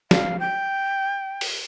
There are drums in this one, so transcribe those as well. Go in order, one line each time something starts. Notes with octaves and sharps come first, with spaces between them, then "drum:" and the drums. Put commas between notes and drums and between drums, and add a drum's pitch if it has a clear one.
F5, drum: snare
G5
drum: open hi-hat